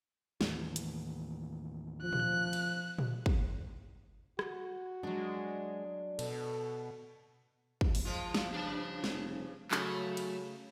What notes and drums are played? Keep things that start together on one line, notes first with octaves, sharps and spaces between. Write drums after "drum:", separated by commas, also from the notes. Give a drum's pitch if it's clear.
D#2 A2 E3, drum: snare
drum: hi-hat
F3 F#6
drum: tom A#2
drum: cymbal
drum: tom A#2
drum: kick
F#4, drum: rim click
F#3 G#3 D4
B2 A4, drum: cymbal
drum: kick
drum: open hi-hat
F3 G#3 F4
drum: snare
G2 C#3 F3 D4 A5
F1, drum: snare
C#3 F#3 A3, drum: clap
drum: cymbal